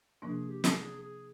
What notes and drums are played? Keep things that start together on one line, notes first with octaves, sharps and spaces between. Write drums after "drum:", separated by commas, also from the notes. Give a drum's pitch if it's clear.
C3 F3 A#3 D4 G#4
G4
A4, drum: snare
G#4
G#4